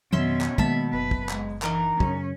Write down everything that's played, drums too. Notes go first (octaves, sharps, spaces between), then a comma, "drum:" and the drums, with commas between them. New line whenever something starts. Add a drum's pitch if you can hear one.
F2 B2 D#3 F#3 C#4 E5 C6 E6
drum: clap
B2 D#3 G#3 A#3 E5 A5 B5, drum: kick
F#1 B4
drum: kick
G#3, drum: clap
E3 D4 D#4 A#4, drum: clap
F#2 C#3 C#4, drum: kick